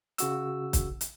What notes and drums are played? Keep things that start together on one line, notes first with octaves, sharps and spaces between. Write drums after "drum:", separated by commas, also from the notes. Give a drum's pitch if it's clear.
C#3 F#4 E6, drum: hi-hat
drum: kick, hi-hat
drum: hi-hat